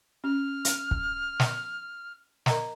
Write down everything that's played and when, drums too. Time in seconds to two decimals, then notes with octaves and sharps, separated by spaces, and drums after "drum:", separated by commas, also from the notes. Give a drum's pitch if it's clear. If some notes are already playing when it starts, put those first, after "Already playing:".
0.24 C#4 F6
0.65 drum: hi-hat
0.91 drum: kick
1.40 drum: snare
2.46 A#4 D#5 A#5, drum: snare